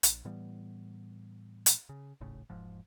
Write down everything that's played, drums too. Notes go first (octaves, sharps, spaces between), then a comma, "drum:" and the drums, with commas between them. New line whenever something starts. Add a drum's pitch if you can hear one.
A#1, drum: hi-hat
A2 E3 G3 B3
drum: hi-hat
C#3
D#1 G#1 A2 C#3
E1 G#2 F3